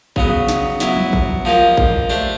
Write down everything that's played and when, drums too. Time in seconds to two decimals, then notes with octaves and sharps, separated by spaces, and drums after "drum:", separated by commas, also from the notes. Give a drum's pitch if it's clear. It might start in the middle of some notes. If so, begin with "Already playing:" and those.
0.16 C#3 F#3 B3, drum: kick A1
0.48 drum: snare
0.80 F#3 B3 E4, drum: snare
0.97 drum: tom F3
1.13 drum: kick A1
1.45 F3 A#3 D#4 G4
1.77 drum: kick A1
2.10 A3 D4 G4 C5